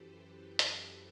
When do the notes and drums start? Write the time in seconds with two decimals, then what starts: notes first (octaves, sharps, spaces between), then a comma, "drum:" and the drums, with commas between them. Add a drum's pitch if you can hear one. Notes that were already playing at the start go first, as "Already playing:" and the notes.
Already playing: F#2 E3 G4 A4 B4 C5
0.59 drum: hi-hat